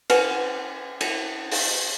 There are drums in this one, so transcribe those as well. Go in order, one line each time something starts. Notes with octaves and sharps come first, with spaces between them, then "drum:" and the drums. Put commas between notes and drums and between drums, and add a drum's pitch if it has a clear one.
B4 F#5 G#5, drum: cymbal
drum: cymbal
drum: open hi-hat